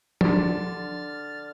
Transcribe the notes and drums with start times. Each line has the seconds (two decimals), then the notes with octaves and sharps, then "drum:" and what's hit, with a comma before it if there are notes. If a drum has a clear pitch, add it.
0.21 D3 D4 G4 D5 C6 F6 A6, drum: tom F3